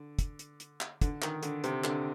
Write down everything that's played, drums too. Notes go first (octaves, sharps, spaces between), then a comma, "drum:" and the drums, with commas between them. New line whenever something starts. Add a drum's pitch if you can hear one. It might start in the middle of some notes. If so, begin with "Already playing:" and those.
Already playing: D3
drum: kick, hi-hat
drum: hi-hat
drum: hi-hat
drum: clap
D3, drum: kick, hi-hat
D#3, drum: clap
D3, drum: hi-hat
C3, drum: hi-hat
D3, drum: clap